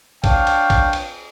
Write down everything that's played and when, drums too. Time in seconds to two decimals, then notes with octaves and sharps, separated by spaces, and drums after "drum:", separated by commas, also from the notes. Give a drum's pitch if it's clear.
0.24 D4 C#5 F5 G5 A5, drum: kick A#1, cymbal
0.47 drum: cymbal
0.70 drum: kick A#1, cymbal
0.93 drum: cymbal